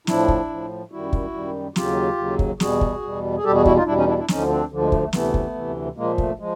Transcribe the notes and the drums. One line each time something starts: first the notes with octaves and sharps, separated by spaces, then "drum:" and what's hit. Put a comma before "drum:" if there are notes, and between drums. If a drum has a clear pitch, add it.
A2 F3 D4 E4, drum: snare
drum: kick
A2 F3
F#2 D#3 G3 E4 F#4
drum: kick
F#2 D#3 G3
D#2 C#3 F#3 F4 G4, drum: snare
D#2 C#3 F#3
drum: kick
E2 B2 G3 F#4 G#4, drum: snare
drum: kick
E2 B2 G3
G#4
E2 B2 G3 G4 A4
F#4 G#4
E4 F#4, drum: kick
D#4 F4
E2 B2 G3 D4 E4
C#4 D#4
D4 E4
D4 E4
D2 D3 F3 C#4 D#4, drum: snare
C4 D4
D2 D3 F3
G#3
A3, drum: kick
A3
D2 C3 E3 A3 B3, drum: snare
drum: kick
D2 C3 E3
A#2 F3 G#3 A#3
A3, drum: kick
F3 G#3